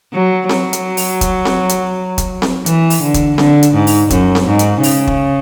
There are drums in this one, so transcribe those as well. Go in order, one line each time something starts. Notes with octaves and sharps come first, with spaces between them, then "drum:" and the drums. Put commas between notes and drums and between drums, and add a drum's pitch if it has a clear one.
F#3
F#3, drum: snare C4
drum: hi-hat
drum: open hi-hat
drum: kick, hi-hat
drum: snare C4
drum: hi-hat
drum: kick, hi-hat
drum: snare C4
E3, drum: hi-hat
drum: open hi-hat
D3
drum: kick, hi-hat
D3, drum: snare C4
drum: hi-hat
G#2
drum: open hi-hat
F#2, drum: kick, hi-hat
drum: snare C4
G#2
drum: hi-hat
C#3, drum: open hi-hat
drum: kick